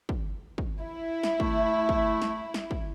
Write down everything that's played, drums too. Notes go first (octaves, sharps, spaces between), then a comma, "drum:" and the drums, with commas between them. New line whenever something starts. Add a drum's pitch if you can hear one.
drum: kick
drum: kick
E4
drum: snare
A3, drum: kick
drum: kick
drum: snare
drum: snare
drum: kick